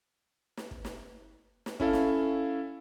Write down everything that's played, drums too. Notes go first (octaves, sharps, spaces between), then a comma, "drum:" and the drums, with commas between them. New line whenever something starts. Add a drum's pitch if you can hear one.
drum: snare
drum: kick
drum: snare
drum: snare
C#4 E4 A4 F5, drum: kick
drum: snare